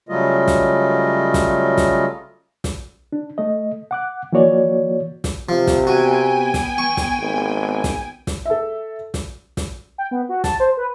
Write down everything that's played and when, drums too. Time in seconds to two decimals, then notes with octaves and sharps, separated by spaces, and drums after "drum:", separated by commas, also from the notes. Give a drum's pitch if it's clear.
0.09 C#3 F#3 G3 A3 F4 D#5
0.47 drum: snare
1.34 drum: snare
1.77 drum: snare
2.64 drum: snare
3.12 D4
3.38 A3 D#5
3.91 F#5 D6 F#6
4.32 E3 F3 A#3 F#4 C#5 D5
5.24 drum: snare
5.49 C3 F3
5.67 drum: snare
5.87 B3 F#4 G5 G#5
6.54 drum: snare
6.78 C#6
6.97 drum: snare
7.19 G#1
7.84 drum: snare
8.27 drum: snare
8.45 A4 E5
9.14 drum: snare
9.57 drum: snare
9.98 G5
10.11 B3
10.29 F#4
10.44 A5, drum: snare
10.60 C5
10.77 B4